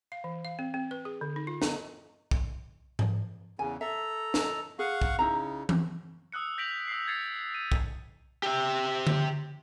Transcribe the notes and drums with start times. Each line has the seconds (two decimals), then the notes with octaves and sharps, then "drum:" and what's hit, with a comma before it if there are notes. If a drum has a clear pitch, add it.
0.12 F5
0.24 E3
0.45 F5
0.59 C4
0.74 C4
0.91 B4
1.05 G#4
1.21 D3
1.36 D#4
1.47 F4
1.62 B3, drum: snare
2.31 drum: kick
2.99 drum: tom G#2
3.59 E2 C#3 G#5
3.81 A4 E5 A#5
4.34 drum: snare
4.79 G#4 F5 F#5 C#6
5.02 drum: kick
5.19 C#3 D#4 E4 A#5
5.69 drum: tom E3
6.32 D#6 E6 F#6 C#7
6.58 G6 A#6 B6 D7 F7 F#7
6.88 E6 C7
7.08 G#6 A6 C7 C#7 F7
7.54 D#7
7.72 drum: kick
8.43 G4 E5
9.07 drum: tom D3